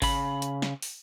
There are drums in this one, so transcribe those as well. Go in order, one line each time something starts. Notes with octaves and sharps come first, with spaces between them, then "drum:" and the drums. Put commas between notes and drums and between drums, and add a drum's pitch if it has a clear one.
C#3 B5, drum: kick G#1, open hi-hat
drum: hi-hat
drum: snare
drum: open hi-hat